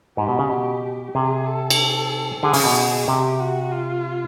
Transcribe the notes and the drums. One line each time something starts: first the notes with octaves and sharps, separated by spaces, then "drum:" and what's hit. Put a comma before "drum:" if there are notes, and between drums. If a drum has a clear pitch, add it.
G#2 G4
B2
C#3
B2
C3 G#4
A4
drum: cymbal
D3 G#4
C#3, drum: open hi-hat
B2
G#4
C3 G4
F#4
F4